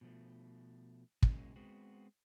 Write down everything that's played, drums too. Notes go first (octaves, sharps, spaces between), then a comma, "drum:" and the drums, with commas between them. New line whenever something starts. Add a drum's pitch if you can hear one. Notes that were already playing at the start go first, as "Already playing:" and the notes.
B2 F3 A3
C#3 F#3 G#3 A#3 C#4, drum: kick
G#3 B3 C4 F#4